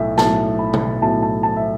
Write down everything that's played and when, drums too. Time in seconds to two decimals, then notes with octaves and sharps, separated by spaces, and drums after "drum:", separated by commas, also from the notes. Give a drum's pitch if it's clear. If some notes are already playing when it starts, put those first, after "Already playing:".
Already playing: B1 A2 A3 E5
0.18 B1 A2 A3 A5, drum: snare
0.59 B5
0.74 drum: tom
1.02 B1 A2 A3 A5
1.22 A5
1.43 A5
1.56 E5